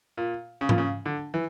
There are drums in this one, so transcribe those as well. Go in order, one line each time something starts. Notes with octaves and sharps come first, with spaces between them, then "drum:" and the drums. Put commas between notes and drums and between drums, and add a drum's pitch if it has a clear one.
A#2
C#3
A#2, drum: tom G#2
C#3
D3
E3